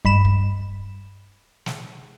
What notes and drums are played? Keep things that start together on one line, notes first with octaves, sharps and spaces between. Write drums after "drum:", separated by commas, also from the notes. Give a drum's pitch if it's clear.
G2 B5 E7, drum: kick
drum: kick
drum: snare